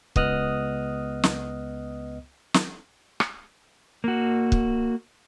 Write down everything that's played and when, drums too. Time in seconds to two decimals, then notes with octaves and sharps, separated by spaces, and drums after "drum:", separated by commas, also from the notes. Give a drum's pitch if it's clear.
0.16 C#2 B3 D#5 D#6 F6 F#6, drum: kick
1.24 drum: snare
2.54 drum: snare
3.20 drum: rim click
4.04 A#3 F#4
4.52 drum: kick